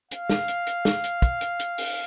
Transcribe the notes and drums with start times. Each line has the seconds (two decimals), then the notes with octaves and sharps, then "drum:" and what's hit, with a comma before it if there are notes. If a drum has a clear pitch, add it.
0.11 F5, drum: hi-hat
0.29 drum: snare
0.48 drum: hi-hat
0.67 drum: hi-hat
0.85 drum: snare
1.04 drum: hi-hat
1.22 drum: kick, hi-hat
1.41 drum: hi-hat
1.59 drum: hi-hat
1.78 drum: open hi-hat